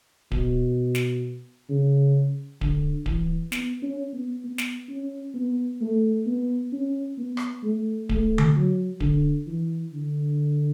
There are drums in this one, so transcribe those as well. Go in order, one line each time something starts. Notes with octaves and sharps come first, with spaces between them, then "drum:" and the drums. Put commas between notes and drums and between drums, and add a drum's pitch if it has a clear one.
B2, drum: kick D1
drum: snare
C#3
D3, drum: kick D1
E3, drum: kick D1
B3, drum: snare
C#4
B3
B3
drum: snare
C#4
B3
A3
B3
C#4
B3
drum: rim click
A3
A3, drum: kick D1
drum: tom D3
F#3
D3, drum: kick D1
E3
D3